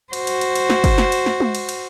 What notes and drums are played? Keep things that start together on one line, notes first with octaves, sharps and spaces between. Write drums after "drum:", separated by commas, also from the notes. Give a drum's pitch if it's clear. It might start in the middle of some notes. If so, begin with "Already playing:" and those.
F#4 C5, drum: cymbal
drum: cymbal
drum: cymbal
drum: cymbal
drum: snare
drum: kick, cymbal
drum: snare
drum: cymbal
drum: snare
drum: tom G#3
drum: cymbal
drum: cymbal